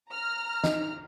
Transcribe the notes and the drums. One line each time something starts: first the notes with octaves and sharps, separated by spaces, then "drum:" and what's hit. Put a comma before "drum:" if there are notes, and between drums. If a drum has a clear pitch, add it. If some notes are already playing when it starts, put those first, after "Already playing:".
A#5 F6
D#4, drum: snare